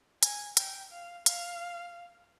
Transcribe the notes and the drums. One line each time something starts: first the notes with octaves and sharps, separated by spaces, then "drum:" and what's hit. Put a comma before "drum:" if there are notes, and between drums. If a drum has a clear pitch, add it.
G#5, drum: hi-hat
G5, drum: hi-hat
F5
F5, drum: hi-hat